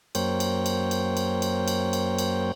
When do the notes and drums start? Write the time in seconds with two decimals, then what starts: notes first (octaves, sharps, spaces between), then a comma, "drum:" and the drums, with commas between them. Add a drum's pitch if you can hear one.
0.15 F#2 A#3 C5 C#5 G5, drum: cymbal
0.40 drum: cymbal
0.66 drum: cymbal
0.91 drum: cymbal
1.17 drum: cymbal
1.42 drum: cymbal
1.68 drum: cymbal
1.93 drum: cymbal
2.18 drum: cymbal